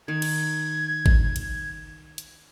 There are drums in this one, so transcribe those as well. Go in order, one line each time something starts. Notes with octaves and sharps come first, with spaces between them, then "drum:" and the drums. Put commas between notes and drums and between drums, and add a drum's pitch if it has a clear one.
D#3 G#6
drum: cymbal
drum: kick G#1
drum: cymbal
drum: hi-hat